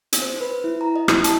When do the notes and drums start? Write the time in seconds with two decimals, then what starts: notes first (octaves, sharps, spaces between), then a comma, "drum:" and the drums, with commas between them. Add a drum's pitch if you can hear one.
0.13 drum: hi-hat
0.22 C5
0.40 B4
0.64 E4
0.81 A#5
0.96 D#5
1.08 E4, drum: rim click
1.24 A5, drum: hi-hat